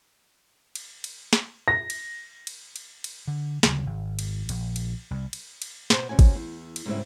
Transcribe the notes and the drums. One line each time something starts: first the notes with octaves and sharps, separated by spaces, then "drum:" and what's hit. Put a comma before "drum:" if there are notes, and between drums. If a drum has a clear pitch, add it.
drum: cymbal
drum: cymbal
drum: snare
A#6
drum: cymbal
drum: cymbal
drum: cymbal
drum: cymbal
D3
D2 C#3 F#3 G3, drum: snare
G#1
drum: cymbal
A#1, drum: cymbal
drum: cymbal
C2
drum: cymbal
drum: cymbal
B2 B3 C5, drum: snare
C3 C#4 F#4 G#5
drum: kick G#1, cymbal
E2
drum: cymbal
G#2 C#3 G3 B3 C4 E4